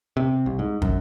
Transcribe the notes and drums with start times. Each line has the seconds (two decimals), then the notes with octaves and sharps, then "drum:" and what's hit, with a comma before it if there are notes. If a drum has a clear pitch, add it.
0.17 C3
0.46 C2
0.59 G#2
0.82 F#2, drum: kick